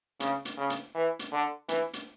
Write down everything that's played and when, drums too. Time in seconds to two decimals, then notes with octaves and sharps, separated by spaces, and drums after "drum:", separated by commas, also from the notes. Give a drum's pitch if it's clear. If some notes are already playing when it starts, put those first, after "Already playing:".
0.20 C#3, drum: hi-hat
0.45 drum: hi-hat
0.58 C#3
0.70 drum: hi-hat
0.95 E3
1.19 drum: hi-hat
1.32 D3
1.69 E3, drum: hi-hat
1.93 drum: hi-hat